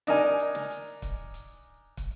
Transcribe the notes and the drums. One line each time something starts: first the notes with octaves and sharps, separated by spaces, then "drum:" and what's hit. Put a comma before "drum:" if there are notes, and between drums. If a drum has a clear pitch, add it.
D4 D#4 A#4 G#5, drum: snare
drum: hi-hat
drum: snare
drum: hi-hat
drum: kick, hi-hat
drum: hi-hat
drum: kick, hi-hat